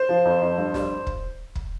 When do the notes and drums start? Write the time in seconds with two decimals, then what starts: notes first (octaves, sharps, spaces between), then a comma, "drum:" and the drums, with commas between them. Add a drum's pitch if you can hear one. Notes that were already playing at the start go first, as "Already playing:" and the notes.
Already playing: C5
0.09 F3
0.25 F2
0.42 F2
0.58 G2
0.74 G3, drum: snare
1.07 drum: kick
1.55 drum: kick